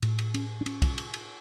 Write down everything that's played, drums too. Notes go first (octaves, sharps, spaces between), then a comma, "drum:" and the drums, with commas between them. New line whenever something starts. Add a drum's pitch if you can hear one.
A2, drum: cymbal
drum: cymbal
C#4, drum: cymbal
D4
C#4, drum: cymbal
drum: kick, cymbal
drum: cymbal
drum: cymbal